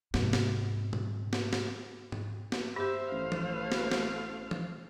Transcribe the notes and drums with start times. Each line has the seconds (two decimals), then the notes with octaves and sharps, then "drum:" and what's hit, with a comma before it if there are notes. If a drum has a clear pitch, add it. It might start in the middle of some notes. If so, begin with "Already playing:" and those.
0.14 G#2 C3, drum: snare
0.33 drum: snare
0.93 drum: tom
1.33 drum: snare
1.53 drum: snare
2.12 drum: tom G#2
2.52 drum: snare
2.76 G2 G4 C5 E5
3.12 A1 A3 F5
3.32 drum: tom E3
3.72 drum: snare
3.92 drum: snare
4.51 drum: tom E3